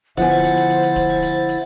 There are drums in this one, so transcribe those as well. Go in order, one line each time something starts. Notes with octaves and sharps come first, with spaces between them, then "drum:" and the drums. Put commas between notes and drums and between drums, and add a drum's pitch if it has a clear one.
D3 F3 B3 E4 C5 F#5 G#5 A6, drum: kick, hi-hat
drum: open hi-hat
drum: hi-hat
drum: hi-hat
drum: hi-hat
drum: hi-hat
drum: kick, hi-hat
drum: open hi-hat
drum: hi-hat
drum: hi-hat